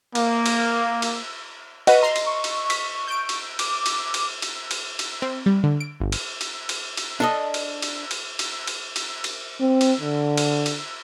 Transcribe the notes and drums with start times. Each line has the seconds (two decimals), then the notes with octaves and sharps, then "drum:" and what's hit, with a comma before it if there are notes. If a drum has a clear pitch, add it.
0.15 A#3, drum: cymbal
0.46 drum: cymbal
1.02 drum: cymbal
1.87 F#4 B4 D#5 D#7, drum: cymbal
2.03 A#5 C6
2.16 drum: cymbal
2.26 C#6
2.44 drum: cymbal
2.70 B6, drum: cymbal
3.07 G6 D7
3.29 drum: cymbal
3.59 D6, drum: cymbal
3.86 drum: cymbal
4.14 drum: cymbal
4.42 drum: cymbal
4.71 drum: cymbal
4.99 drum: cymbal
5.22 C4
5.46 G3
5.64 D3
5.80 D7
6.00 G1
6.12 drum: cymbal
6.41 drum: cymbal
6.69 drum: cymbal
6.97 drum: cymbal
7.20 D4 A4 D#5
7.54 drum: cymbal
7.82 drum: cymbal
8.11 drum: cymbal
8.39 drum: cymbal
8.67 drum: cymbal
8.96 drum: cymbal
9.24 drum: cymbal
9.60 C4
9.81 drum: cymbal
10.01 D3
10.37 drum: cymbal
10.66 drum: cymbal